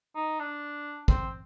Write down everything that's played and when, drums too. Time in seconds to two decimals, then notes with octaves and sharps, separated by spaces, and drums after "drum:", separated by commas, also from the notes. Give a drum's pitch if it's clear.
0.15 D#4
0.40 D4
1.08 C4, drum: kick